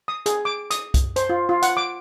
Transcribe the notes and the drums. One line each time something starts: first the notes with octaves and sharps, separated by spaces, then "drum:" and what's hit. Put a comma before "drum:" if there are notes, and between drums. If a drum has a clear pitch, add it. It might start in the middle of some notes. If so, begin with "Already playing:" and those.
D#6
G#4, drum: hi-hat
D6
D#6, drum: hi-hat
drum: kick C2, hi-hat
C5, drum: hi-hat
F4
F4
F#5, drum: hi-hat
D6